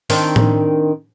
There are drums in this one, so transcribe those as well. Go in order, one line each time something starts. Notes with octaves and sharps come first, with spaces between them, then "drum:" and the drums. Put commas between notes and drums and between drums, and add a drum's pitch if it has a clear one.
D#3 C4 D4, drum: open hi-hat
drum: tom A2